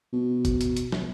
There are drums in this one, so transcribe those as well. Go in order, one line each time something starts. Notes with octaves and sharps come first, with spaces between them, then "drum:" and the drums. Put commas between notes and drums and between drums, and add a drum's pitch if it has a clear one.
B2
drum: kick, hi-hat
drum: hi-hat
drum: hi-hat
drum: snare